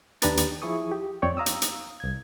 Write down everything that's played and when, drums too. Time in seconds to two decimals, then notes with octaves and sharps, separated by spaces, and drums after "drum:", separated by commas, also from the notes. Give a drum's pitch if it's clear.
0.22 D#2 D4 G4 B4 A#5 A6, drum: hi-hat
0.37 drum: hi-hat
0.62 F3 E4 G#4 C#6 D#6
0.91 G4
1.22 F2 C4 C#5 D5 G5 C#6
1.37 F5 A#5 D#6 E6
1.46 drum: hi-hat
1.62 drum: hi-hat
2.00 C2 G#6